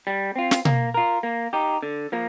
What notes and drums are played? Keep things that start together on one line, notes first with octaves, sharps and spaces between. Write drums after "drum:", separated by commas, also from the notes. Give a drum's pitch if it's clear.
G3
C4 F4
drum: snare
A#3, drum: tom B2
F4 A#4
A#3
D#4 G4
D3
F3 A#3